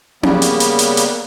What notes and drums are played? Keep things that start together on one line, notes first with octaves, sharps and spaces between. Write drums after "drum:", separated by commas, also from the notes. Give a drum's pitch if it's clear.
C#3 G3 A#3 B3, drum: tom C4
drum: hi-hat
drum: hi-hat
drum: hi-hat
drum: hi-hat